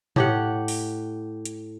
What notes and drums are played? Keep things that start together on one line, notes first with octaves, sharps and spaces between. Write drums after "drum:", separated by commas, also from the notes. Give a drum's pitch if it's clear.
A2 G4 F#5, drum: tom A#2
drum: open hi-hat
drum: hi-hat